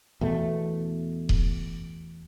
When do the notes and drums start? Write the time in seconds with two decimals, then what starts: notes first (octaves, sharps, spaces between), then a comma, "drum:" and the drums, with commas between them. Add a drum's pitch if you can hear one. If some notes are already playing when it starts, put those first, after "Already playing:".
0.21 E2 B2 A3
1.29 drum: kick D#1